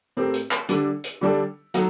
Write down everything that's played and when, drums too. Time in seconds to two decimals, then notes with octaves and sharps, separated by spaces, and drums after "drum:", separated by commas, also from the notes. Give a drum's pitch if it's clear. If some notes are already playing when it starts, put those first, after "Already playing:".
0.17 A2 A3 C4 G4 A#4
0.34 drum: hi-hat
0.51 drum: clap
0.69 D3 G3 D4 A4, drum: hi-hat
1.04 drum: hi-hat
1.21 D3 G3 D4 A4
1.74 F#3 A3 D#4 F#4, drum: hi-hat